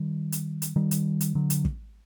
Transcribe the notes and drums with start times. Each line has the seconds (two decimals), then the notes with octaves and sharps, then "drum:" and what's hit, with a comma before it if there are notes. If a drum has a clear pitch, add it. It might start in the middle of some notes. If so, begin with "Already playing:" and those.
Already playing: D#3 G3
0.32 drum: hi-hat
0.62 drum: hi-hat
0.76 D#3 G3
0.91 drum: hi-hat
1.21 drum: hi-hat
1.35 D3 F#3
1.50 drum: hi-hat
1.65 drum: kick